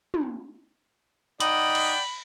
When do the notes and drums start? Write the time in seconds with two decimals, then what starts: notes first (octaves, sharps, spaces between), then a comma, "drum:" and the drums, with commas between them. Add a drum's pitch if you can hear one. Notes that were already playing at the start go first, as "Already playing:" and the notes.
0.14 drum: tom
1.40 D#4 D5 F#5 G5 B5, drum: hi-hat
1.75 drum: cymbal